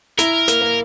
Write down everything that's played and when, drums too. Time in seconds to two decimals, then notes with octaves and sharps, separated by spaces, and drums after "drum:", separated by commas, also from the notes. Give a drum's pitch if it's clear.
0.19 E4 A#4, drum: snare
0.48 A#3, drum: snare
0.61 A#3